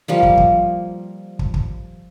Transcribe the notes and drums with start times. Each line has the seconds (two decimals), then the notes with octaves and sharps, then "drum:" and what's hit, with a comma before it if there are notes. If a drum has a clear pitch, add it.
0.08 F3 G3 A#3
0.23 drum: kick
0.37 drum: kick
1.39 drum: kick
1.54 drum: kick